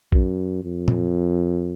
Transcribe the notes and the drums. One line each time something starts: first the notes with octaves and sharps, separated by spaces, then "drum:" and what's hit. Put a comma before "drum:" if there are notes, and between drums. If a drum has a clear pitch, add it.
F#2, drum: kick A#1
F2
drum: tom